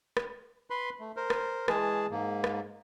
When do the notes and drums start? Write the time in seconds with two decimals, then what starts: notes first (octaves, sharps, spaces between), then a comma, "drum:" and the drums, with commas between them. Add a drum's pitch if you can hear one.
0.17 drum: rim click
0.70 B4 B5 C6
1.00 A3
1.17 A#4 C5
1.30 drum: rim click
1.68 E3 G#3 G#4 A5, drum: rim click
2.11 G#2 A#3
2.44 drum: rim click